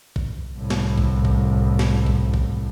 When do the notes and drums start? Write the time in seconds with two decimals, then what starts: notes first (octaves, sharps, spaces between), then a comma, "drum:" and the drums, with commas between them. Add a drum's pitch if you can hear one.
0.16 drum: kick
0.57 C2 A2
0.70 drum: snare
0.98 drum: kick
1.25 drum: kick
1.79 drum: snare
2.06 drum: kick
2.34 drum: kick